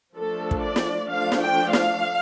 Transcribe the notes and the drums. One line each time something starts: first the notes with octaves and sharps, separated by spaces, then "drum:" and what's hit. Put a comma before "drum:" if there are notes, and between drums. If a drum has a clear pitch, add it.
F3 A3 D4 A4
drum: kick
D5
drum: snare
F3 A3 D4 F5
drum: snare
G5
F5, drum: snare